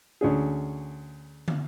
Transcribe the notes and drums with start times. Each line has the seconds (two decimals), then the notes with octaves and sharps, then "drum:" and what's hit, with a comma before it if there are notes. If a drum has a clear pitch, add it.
0.21 D2 C#4 G#4
1.48 drum: tom